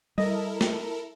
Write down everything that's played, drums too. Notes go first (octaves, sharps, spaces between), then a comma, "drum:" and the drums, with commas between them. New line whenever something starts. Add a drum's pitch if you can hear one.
G3 E4 A4 A#4 D#5
drum: snare